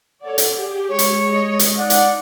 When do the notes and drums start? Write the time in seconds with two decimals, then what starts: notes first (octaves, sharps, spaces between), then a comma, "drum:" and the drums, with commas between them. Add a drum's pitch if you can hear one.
0.23 A4 C#5 D5 F#5
0.38 drum: hi-hat
0.54 G4 G#4
0.89 G#3 C#5
0.99 drum: hi-hat
1.31 D#5
1.59 drum: hi-hat
1.78 D#4 D5 F#5
1.90 drum: hi-hat